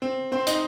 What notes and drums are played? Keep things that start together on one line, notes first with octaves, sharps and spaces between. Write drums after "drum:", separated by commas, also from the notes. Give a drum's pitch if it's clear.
C4
C4 C5
D#4 D#5, drum: hi-hat